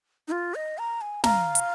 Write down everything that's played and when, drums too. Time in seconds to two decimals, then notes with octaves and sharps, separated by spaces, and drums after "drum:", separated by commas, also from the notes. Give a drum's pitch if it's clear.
0.28 D#4
0.32 F4
0.55 D#5
0.78 A#5
1.01 G#5
1.24 F5 A#5, drum: snare
1.55 drum: hi-hat